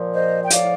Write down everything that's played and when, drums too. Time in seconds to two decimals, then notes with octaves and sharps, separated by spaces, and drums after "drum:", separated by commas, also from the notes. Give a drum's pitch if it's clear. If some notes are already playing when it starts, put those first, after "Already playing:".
Already playing: A#2 F3
0.14 C5 D#5
0.44 G5
0.50 A2 F3 D5 F5, drum: hi-hat